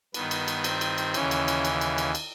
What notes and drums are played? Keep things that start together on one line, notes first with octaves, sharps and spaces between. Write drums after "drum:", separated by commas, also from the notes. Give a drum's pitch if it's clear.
G2 D#3 B3, drum: cymbal
drum: cymbal
drum: cymbal
C4, drum: cymbal
drum: cymbal
drum: cymbal
D#2 C#3 E3 C#4, drum: cymbal
drum: cymbal
drum: cymbal
drum: cymbal
drum: cymbal
drum: cymbal
drum: cymbal